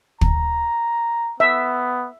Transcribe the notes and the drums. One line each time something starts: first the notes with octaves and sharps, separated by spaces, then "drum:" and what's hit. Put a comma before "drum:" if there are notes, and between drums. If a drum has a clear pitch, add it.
A#5, drum: kick
B3 E5